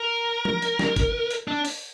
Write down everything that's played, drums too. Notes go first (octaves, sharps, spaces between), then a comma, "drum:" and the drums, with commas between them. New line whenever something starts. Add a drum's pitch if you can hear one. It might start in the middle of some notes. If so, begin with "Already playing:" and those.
Already playing: A#4
drum: tom
drum: hi-hat
drum: snare
drum: kick, hi-hat
drum: hi-hat
D4
drum: open hi-hat